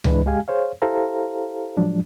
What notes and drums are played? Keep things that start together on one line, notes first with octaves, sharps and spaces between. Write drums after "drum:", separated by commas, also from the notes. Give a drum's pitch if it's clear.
E3 G#3 D4 E4 B4, drum: tom C#2
C#2 G#3 G4 F5 G#5
G#4 C5 C#5 F5
E4 G4 A4 C5 F5 A#5
A2 F3 F#3 G#3 D4